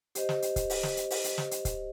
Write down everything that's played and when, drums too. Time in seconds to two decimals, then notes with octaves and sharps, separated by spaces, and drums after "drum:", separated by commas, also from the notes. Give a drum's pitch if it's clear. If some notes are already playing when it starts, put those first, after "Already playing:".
0.15 G4 C5 D#5, drum: hi-hat
0.29 drum: snare
0.42 drum: hi-hat
0.56 drum: kick, hi-hat
0.70 drum: open hi-hat
0.83 drum: snare
0.97 drum: hi-hat
1.10 drum: open hi-hat
1.24 drum: hi-hat
1.38 drum: snare
1.51 drum: hi-hat
1.65 drum: kick, hi-hat